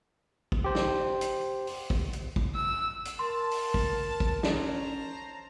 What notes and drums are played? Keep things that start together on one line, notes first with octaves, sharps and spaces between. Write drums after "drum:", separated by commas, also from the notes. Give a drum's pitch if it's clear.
drum: kick
G4 C5
drum: snare
drum: hi-hat
drum: open hi-hat
drum: kick
drum: hi-hat
drum: kick
E6
drum: hi-hat
A#4 A5 C6
drum: open hi-hat
drum: kick
drum: kick
C#4 C5 A5 A#5, drum: snare